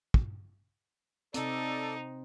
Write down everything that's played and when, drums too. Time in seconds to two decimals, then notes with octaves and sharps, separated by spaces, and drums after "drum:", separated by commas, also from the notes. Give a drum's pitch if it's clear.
0.14 drum: kick
1.34 C3 C4 D#4 A4 D5, drum: hi-hat